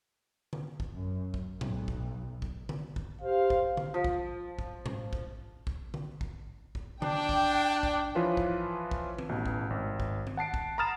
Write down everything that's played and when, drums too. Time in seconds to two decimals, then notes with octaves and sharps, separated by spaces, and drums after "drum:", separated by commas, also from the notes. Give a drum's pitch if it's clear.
0.53 drum: tom D3
0.80 drum: kick
0.92 F#2
1.34 drum: kick
1.61 B1, drum: tom A2
1.88 drum: kick
2.42 drum: kick
2.69 drum: tom D3
2.96 drum: kick
3.22 G4 C5 F5
3.50 drum: kick
3.77 drum: tom D3
3.94 F3
4.04 drum: kick
4.59 drum: kick
4.86 drum: tom A2
5.13 drum: kick
5.67 drum: kick
5.94 drum: tom D3
6.21 drum: kick
6.75 drum: kick
7.02 D4 G5, drum: tom D3
7.29 drum: kick
7.83 drum: kick
8.15 E3 F3 F4 B4 C#5
8.37 drum: kick
8.91 drum: kick
9.18 drum: tom D#3
9.29 A1 B2
9.46 drum: kick
9.70 G#1
10.00 drum: kick
10.27 drum: tom D#3
10.37 F#5 A5 C7 D7
10.54 drum: kick
10.78 A#5 B5 D#6 F6 A6 E7